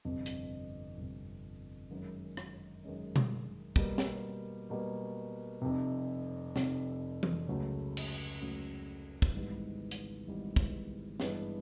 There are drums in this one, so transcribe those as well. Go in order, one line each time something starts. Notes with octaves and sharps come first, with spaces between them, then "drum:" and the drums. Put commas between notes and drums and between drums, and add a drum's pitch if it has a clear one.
G1 F2 C3
drum: hi-hat
G1 F2 C3
F#2 D#3 G#3 C#4
drum: rim click
F#2 D#3 G#3 C#4
drum: tom B2
B2 G3 A#3, drum: kick
drum: snare
B2 G3 A#3
F1 F2 C3
F1 F2 C3, drum: snare
drum: tom E3
C#2 C#3 F#3 A3 C#4
drum: cymbal
C#2 C#3 F#3 A3 C#4
drum: kick
G#1 G#2 E3 G3 B3
drum: hi-hat
G#1 G#2 E3 G3 B3
drum: kick
G2 E3 G#3 B3, drum: snare